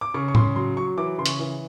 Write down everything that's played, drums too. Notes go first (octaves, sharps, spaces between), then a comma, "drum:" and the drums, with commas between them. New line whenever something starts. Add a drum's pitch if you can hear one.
D6
C#3 C#6
C#6
C#3 C6, drum: tom A2
F#3 C6
F#3 C#6
E3 D6
C#3 C6
C#6, drum: hi-hat
E3